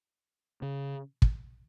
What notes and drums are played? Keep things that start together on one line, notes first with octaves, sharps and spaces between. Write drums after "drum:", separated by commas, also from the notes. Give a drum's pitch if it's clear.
C#3
drum: kick